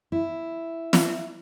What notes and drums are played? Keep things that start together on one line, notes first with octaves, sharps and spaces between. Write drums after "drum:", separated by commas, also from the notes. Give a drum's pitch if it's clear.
E4
drum: snare